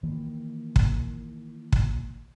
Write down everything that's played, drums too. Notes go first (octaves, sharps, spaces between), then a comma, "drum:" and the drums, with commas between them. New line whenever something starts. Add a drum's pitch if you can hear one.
D#3 E3 A#3
drum: kick
drum: kick